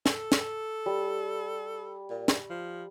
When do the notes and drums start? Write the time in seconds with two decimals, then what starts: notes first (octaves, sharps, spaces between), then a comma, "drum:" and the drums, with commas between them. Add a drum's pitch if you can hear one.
0.06 A4, drum: snare
0.32 drum: snare
0.86 G3
2.10 A#2
2.28 drum: snare
2.50 F3